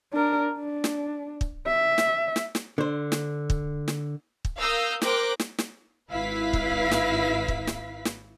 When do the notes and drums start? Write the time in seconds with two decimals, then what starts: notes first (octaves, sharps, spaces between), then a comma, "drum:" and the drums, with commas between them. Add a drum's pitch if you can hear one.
0.13 D4 A#4
0.53 D4
0.84 drum: snare
1.41 drum: kick
1.68 E5
1.98 drum: snare
2.36 drum: snare
2.55 drum: snare
2.78 D3 C5
3.12 drum: snare
3.50 drum: kick
3.88 drum: snare
4.45 drum: kick
4.58 A#4 F5 D#6 E6 G6 A#6
5.02 A#4 C5 G5 D6 F#6 A#6, drum: snare
5.40 drum: snare
5.58 drum: snare
6.09 G#1 E4 B4 F5 B6
6.53 drum: kick
6.91 drum: snare
7.48 drum: kick
7.67 drum: snare
8.05 drum: snare